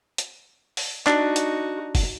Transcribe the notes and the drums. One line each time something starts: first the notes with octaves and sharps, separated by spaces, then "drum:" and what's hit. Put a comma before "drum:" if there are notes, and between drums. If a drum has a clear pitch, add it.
drum: hi-hat
drum: open hi-hat
D4 D#4 F#4, drum: clap
drum: hi-hat
drum: kick F#1, open hi-hat